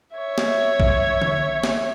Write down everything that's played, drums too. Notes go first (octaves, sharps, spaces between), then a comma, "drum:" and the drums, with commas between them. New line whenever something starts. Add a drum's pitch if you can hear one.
C#5 E5
drum: snare
drum: kick A#1
drum: tom D3
drum: snare